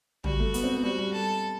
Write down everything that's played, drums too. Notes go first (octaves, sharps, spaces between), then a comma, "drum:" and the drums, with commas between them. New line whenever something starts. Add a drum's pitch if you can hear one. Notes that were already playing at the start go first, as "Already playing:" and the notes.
G3 F#4, drum: tom
A3
B3, drum: hi-hat
C4
B3
G3 F#4
G3
A4